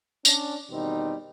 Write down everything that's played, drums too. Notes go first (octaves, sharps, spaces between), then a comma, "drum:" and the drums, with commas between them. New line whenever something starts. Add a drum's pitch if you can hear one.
C#4 D4, drum: tambourine
E2 B2 D#3 G3 C4 D#4